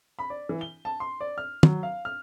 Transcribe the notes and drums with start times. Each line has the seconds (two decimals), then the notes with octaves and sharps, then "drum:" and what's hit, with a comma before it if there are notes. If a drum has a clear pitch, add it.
0.19 B5
0.30 D5
0.49 E3
0.61 G7
0.85 A5
1.00 C6
1.21 D5
1.38 F6
1.63 F#3, drum: tom
1.83 F5
2.05 F6